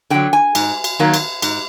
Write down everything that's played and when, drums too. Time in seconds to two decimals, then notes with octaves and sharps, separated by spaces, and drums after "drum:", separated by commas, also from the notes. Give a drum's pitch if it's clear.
0.10 D3 F#3 G5
0.33 G#5
0.55 G#2, drum: cymbal
0.84 drum: cymbal
0.99 D#3 F#3 A#3
1.14 drum: cymbal
1.42 G#2, drum: cymbal